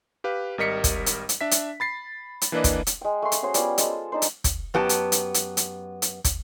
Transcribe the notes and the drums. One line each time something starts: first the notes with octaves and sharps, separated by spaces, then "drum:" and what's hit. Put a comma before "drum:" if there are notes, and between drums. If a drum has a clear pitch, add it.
G4 B4 F5
G#1 G3 A#4 D#5 B6 C#7
drum: kick, hi-hat
drum: hi-hat
drum: hi-hat
D4 E5 B6
drum: hi-hat
B5 A6 C7
drum: hi-hat
E3 A#3 D4 B4 D5 D#5
drum: kick, hi-hat
drum: hi-hat
G#3 G5
A3 C6
drum: hi-hat
C#4 F#4 G#4 C5
G3 B3 F4 G5, drum: hi-hat
G#3 A4 C5, drum: hi-hat
D4 D#4 C5
drum: hi-hat
drum: kick, hi-hat
F#2 B3 G4 F#5 A5
drum: hi-hat
drum: hi-hat
drum: hi-hat
drum: hi-hat
drum: hi-hat
drum: kick, hi-hat